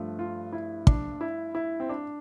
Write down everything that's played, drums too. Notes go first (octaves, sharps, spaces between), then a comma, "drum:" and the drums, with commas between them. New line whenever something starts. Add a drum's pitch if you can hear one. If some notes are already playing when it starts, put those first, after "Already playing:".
Already playing: G2 F3 A3
F4
E4
D4, drum: kick
E4
E4
C4
D4